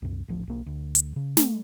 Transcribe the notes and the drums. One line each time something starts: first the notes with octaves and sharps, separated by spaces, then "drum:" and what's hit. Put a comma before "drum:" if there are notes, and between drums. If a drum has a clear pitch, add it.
C2 F#2
D1 A1 F3
B1 A#3
D2
drum: hi-hat
C#3
A3, drum: snare